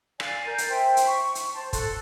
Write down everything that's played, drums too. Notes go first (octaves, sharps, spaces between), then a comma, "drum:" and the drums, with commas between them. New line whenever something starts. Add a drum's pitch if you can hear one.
D5 F5 G#5, drum: rim click
A#4 G6
drum: hi-hat
C5 E5 G5
drum: hi-hat
C#6
drum: hi-hat
C5 A5
A4 F#6, drum: kick, hi-hat